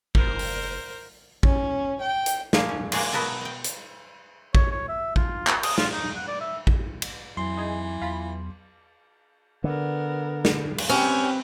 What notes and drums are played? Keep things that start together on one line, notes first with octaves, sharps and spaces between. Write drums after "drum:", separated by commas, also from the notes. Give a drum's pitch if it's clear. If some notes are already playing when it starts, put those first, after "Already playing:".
F#1 A#4 C5, drum: kick
drum: open hi-hat
C#4, drum: kick
G5
drum: hi-hat
F3 A#3 G#4, drum: snare
C#4
G#3 A#3 F#4 G#4 D5, drum: cymbal
B2 F#3 B3 A#4 D#5 A5
D#5 G5
drum: hi-hat
C#5, drum: kick
C#5
E5
F4, drum: kick
drum: clap
D#6, drum: cymbal
F4, drum: snare
D#4
F#5
D5
E5
drum: kick
drum: cymbal
F2 E3 F#3 C6
D#4 G#4
E2 F4 B5
D3 B3 A#4
drum: snare
drum: cymbal
C4 C#4 G4 B4 G5